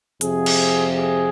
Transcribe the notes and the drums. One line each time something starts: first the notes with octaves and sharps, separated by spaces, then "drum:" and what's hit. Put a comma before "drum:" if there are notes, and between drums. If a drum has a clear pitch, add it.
F2 C3 F3 G#4, drum: hi-hat
drum: cymbal
G#4